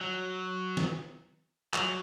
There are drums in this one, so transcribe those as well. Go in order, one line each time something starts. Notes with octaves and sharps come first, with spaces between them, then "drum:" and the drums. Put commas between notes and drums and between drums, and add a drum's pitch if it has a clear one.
F#3
drum: snare
F#3, drum: clap